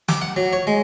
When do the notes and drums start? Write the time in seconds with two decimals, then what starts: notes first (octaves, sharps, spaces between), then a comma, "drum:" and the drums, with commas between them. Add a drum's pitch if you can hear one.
0.08 D6, drum: snare
0.22 F#5
0.37 F#3
0.53 C#5
0.67 G#3